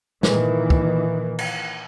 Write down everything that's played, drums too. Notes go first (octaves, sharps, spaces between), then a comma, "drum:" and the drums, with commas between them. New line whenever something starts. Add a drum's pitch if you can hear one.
A#2 D#3 E3, drum: snare
drum: kick
drum: cymbal